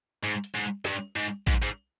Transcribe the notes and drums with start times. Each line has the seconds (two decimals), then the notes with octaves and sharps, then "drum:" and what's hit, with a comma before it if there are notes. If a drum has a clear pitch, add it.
0.23 G#2
0.44 drum: hi-hat
0.54 G#2
0.85 G2, drum: snare
1.16 G#2
1.26 drum: hi-hat
1.47 G#2, drum: kick A1
1.62 G#2